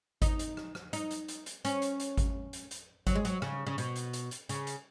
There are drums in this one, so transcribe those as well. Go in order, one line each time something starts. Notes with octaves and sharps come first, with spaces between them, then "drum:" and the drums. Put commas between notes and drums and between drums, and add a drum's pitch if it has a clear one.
D#4, drum: kick G#1, hi-hat
drum: hi-hat
drum: rim click
drum: rim click
D#4, drum: hi-hat
drum: hi-hat
drum: hi-hat
drum: hi-hat
C#4, drum: hi-hat
drum: hi-hat
drum: hi-hat
drum: kick G#1, hi-hat
drum: hi-hat
drum: hi-hat
F#3, drum: kick G#1, hi-hat
G#3
F#3, drum: hi-hat
C#3, drum: rim click
C#3
B2, drum: hi-hat
drum: hi-hat
drum: hi-hat
drum: hi-hat
C#3, drum: hi-hat
drum: hi-hat